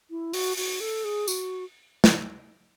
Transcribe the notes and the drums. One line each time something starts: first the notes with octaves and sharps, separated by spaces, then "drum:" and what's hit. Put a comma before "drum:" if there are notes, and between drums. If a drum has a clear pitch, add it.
E4
F#4, drum: open hi-hat
F#4, drum: open hi-hat
A4
G#4
F#4, drum: tambourine
drum: snare